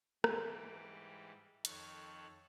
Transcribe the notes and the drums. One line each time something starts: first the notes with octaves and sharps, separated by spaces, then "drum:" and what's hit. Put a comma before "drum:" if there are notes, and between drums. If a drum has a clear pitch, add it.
G#2 E3 G3 G4, drum: rim click
F2 D#3 A4 C#5 F#6, drum: hi-hat